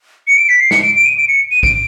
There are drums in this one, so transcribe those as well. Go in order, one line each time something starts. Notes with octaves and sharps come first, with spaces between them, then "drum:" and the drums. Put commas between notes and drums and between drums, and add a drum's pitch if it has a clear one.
C#7
D7
B6
C7
C#7, drum: snare
D7
D7
D#7
D7
C#7
D#7
D7, drum: kick G#1